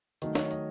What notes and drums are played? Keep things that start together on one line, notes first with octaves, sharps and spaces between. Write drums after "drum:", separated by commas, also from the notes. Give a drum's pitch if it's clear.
D#3 F#3 A3, drum: hi-hat
C#5, drum: snare
D#5, drum: hi-hat